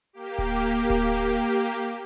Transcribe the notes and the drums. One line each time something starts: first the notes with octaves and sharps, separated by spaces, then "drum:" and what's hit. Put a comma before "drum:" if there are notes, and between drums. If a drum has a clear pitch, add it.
A#3 G4
drum: kick D1
drum: kick D1